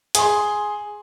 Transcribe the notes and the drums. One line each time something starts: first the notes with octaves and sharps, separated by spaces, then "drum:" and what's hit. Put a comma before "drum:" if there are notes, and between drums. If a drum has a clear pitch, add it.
G#4 C6, drum: hi-hat